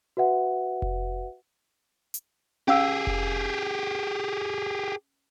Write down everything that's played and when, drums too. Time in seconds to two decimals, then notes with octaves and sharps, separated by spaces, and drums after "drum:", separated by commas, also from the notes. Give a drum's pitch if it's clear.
0.17 F#4 B4 E5 F#5
0.82 drum: kick F1
2.14 drum: hi-hat
2.68 C#4 G4 G#4 F5 E6
3.07 drum: kick F1